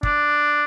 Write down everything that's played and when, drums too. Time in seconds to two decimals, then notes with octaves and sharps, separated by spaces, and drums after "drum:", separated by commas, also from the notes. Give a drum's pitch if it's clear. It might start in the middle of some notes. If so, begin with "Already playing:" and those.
0.03 D4, drum: kick